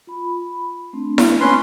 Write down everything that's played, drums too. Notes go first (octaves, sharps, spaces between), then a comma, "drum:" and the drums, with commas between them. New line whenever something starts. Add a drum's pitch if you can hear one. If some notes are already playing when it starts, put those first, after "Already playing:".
F4 B5
B5
A3 C4 D4
drum: snare E4
C#4 B4 C6